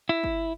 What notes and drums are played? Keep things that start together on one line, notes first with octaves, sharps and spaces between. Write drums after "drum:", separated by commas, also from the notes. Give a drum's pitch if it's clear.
E4
drum: kick G1